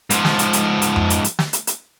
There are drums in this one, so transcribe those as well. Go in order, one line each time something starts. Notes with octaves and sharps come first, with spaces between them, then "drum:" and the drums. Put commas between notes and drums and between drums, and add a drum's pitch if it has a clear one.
G#2 F3, drum: hi-hat
drum: snare
drum: hi-hat
drum: hi-hat
drum: hi-hat
drum: tom F2
drum: hi-hat
drum: hi-hat
drum: snare
drum: hi-hat
drum: hi-hat